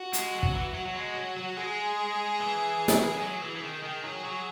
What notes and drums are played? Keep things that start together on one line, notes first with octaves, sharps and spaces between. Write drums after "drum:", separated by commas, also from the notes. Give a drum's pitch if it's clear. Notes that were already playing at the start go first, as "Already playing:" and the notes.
Already playing: F#4
G#3, drum: hi-hat
F#3
drum: kick
E3
F#3 F#4
F#3
G#3
F#3
F#3
G#3 G#4
E3
drum: snare
G#3
F#3 G#4
E3
E3
D#3
D#3
F#3
F#3